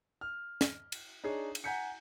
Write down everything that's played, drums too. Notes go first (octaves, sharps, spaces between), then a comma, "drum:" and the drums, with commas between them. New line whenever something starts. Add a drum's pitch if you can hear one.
F6
drum: snare
drum: cymbal
D4 D#4 G#4 C#5
drum: cymbal
F#5 G#5 A#5 G6 B6 C#7